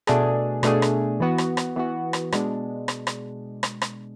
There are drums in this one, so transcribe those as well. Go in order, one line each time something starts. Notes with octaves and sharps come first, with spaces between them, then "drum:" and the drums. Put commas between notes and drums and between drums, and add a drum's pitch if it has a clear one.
B2 A3 D4 G#4, drum: rim click
B2 A3 D4 G#4, drum: rim click
drum: rim click
E3 B3 F#4
drum: rim click
drum: rim click
E3 B3 F#4
drum: rim click
B2 G#3 D4, drum: rim click
drum: rim click
drum: rim click
drum: rim click
drum: rim click